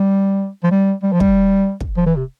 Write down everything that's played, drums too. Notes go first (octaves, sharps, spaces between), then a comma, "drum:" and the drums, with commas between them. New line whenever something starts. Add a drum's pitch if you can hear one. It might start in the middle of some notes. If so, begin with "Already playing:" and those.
Already playing: G3
F3
G3
G3
F3
G3, drum: kick
drum: kick
F3
E3
C3